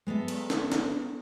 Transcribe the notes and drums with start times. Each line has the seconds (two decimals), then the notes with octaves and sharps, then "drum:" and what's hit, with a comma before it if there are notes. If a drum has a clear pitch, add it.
0.07 G#3 B3 A4 E5
0.28 drum: cymbal
0.50 drum: snare
0.72 drum: snare